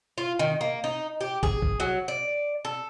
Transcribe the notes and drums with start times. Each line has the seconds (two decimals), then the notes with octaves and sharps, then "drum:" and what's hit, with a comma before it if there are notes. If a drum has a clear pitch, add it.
0.18 F4
0.39 D#3
0.61 A#3
0.84 D#4
1.21 G4
1.43 G#4, drum: kick
1.62 drum: kick
1.80 F#3
2.08 D5
2.65 A4